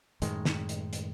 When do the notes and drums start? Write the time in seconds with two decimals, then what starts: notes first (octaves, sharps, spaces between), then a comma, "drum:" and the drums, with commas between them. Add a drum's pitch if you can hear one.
0.22 F#2 A2 D#3 G#3, drum: hi-hat
0.45 drum: snare
0.69 drum: hi-hat
0.93 drum: hi-hat